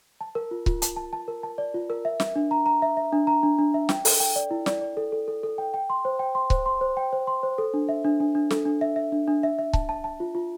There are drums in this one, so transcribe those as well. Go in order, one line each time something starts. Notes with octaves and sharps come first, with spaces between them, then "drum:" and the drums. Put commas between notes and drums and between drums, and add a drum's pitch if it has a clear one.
A5
A#4
F4
F4, drum: kick C#1
A5, drum: hi-hat
A5
A5
A#4
A5
D5
F4
A#4
E5
E5, drum: snare
D4
A#5
A#5
E5
E5
D4
A#5
D4
D4
E5
G5, drum: snare
A4, drum: open hi-hat
G5
D5
E4
D5, drum: snare
D5
A4
A4
A4
A4
G5
G5
C6
C5
G5
C6
C5, drum: kick C#1
C6
C5
G5
C5
C6
C5
A4
D4
E5
D4
D4
D4
A4, drum: snare
D4
E5
E5
D4
D4
E5
E5
A5, drum: kick C#1
A5
A5
F4
F4